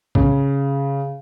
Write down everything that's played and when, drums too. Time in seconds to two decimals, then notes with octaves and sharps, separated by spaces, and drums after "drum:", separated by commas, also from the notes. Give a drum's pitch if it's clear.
0.15 C#3, drum: kick